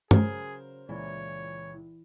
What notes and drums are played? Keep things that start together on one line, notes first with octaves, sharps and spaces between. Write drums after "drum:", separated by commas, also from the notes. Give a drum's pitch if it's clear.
C#3 F#3 G#4 A#4 C5, drum: tom G2
C#2 A#2 E3 C#5